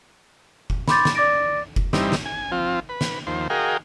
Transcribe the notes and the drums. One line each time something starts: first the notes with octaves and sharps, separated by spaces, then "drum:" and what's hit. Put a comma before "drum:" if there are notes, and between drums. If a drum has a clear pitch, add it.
drum: kick F1
B5 C6 D6 G6 A6, drum: snare
drum: snare
D5 D6 A6 A#6 D7
drum: kick F1
G2 E3 G3 C4 D#4, drum: snare
drum: snare
G#5
F3 C4 F4
B4
drum: snare
D#2 F3 C5
F#4 G#4 A#4 D#5 F5 G5